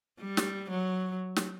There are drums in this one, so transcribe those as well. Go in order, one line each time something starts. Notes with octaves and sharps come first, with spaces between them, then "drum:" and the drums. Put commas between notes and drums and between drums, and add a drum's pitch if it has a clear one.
G3
drum: snare
F#3
drum: snare